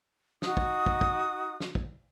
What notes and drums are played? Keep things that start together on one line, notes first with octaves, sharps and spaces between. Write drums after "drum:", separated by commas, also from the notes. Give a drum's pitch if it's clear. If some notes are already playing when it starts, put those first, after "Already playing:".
D#4 F#4 D#6, drum: snare
drum: kick
drum: kick
drum: kick
drum: snare
drum: kick